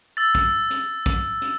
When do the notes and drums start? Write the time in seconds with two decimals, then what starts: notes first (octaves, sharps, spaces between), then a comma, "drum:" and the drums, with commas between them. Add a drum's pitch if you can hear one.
0.17 E6 A6
0.35 drum: kick, hi-hat
0.70 drum: hi-hat
1.06 drum: kick, hi-hat
1.42 drum: hi-hat